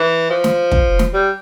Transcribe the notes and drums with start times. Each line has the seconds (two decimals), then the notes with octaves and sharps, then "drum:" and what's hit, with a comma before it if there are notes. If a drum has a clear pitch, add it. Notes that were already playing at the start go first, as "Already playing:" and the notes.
Already playing: E3
0.30 F3
0.44 drum: snare
0.72 drum: kick
0.99 drum: snare
1.14 G3